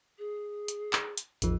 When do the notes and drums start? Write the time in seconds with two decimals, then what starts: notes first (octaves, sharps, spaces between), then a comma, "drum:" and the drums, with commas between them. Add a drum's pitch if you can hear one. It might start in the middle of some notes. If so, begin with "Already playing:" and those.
0.18 G#4
0.68 drum: hi-hat
0.93 drum: clap
1.17 drum: hi-hat
1.42 A1 E2 F3, drum: hi-hat